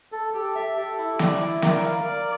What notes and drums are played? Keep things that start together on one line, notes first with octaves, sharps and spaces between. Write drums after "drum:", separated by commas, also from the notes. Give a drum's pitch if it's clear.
A4
G4 A4
E5
G4 A4
E4
E4 D5, drum: snare
E4
A#4 D5, drum: snare
F5
A#4 D5